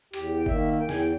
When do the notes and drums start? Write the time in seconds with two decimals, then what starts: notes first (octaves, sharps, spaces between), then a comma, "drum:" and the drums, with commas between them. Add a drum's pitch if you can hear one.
0.13 E2 G4, drum: hi-hat
0.37 G5
0.46 D#3 A#3 E5, drum: kick F#1
0.79 E2 G5
0.89 G#5, drum: snare
0.99 G5